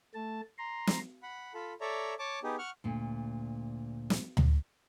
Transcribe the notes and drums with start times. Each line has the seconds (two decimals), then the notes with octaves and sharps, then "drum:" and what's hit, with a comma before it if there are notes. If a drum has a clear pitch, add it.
0.14 A3 A5
0.58 A#5 C6
0.87 drum: snare
1.23 F#5 B5
1.54 F4 A4 B5
1.81 A4 C#5 D5 E5 A#5
2.19 C#5 A5 D6
2.43 B3 D#4 G4 G#4
2.59 F#5 C#6 F6
2.84 D2 A#2
4.10 drum: snare
4.37 drum: tom D2